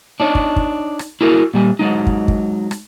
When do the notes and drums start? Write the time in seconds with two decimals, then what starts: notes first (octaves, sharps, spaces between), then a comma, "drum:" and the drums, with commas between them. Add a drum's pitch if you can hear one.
0.20 D4 D#4 C#5
0.35 drum: kick
0.56 drum: kick
0.99 drum: rim click
1.21 E4 F#4 G#4 A#4
1.54 A#2 G3 G#5
1.79 F#3 G#3 D#4
2.07 drum: kick
2.28 drum: kick
2.71 drum: rim click